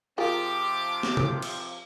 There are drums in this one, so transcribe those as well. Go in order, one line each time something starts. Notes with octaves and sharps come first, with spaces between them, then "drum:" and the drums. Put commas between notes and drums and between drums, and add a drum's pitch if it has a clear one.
C3 F3 F4 G4 G#4 A#4 D6
drum: snare
drum: tom C3
drum: cymbal